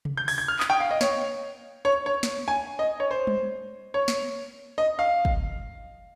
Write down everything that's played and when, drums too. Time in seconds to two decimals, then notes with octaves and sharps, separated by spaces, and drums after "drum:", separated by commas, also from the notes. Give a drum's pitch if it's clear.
0.05 drum: tom C3
0.17 G6
0.28 G#6, drum: open hi-hat
0.38 G#6
0.48 F6
0.59 D#6, drum: clap
0.70 G5
0.80 F5
0.91 D#5
1.01 C#5, drum: snare
1.85 C#5
2.06 C#5
2.23 drum: snare
2.48 G#5
2.79 D#5
3.00 C#5
3.11 C5
3.27 drum: tom G3
3.94 C#5
4.08 drum: snare
4.78 D#5
4.99 F5
5.25 drum: kick